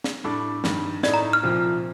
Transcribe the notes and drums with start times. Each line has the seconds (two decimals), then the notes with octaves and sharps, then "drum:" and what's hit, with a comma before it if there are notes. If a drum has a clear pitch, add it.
0.04 drum: snare
0.24 A2 G3 D4 A4
0.64 G2 D#3 G3, drum: snare
1.03 A2 A3 D#4 D5, drum: snare
1.14 A#5
1.33 F6
1.43 C2 A#2 F3 C4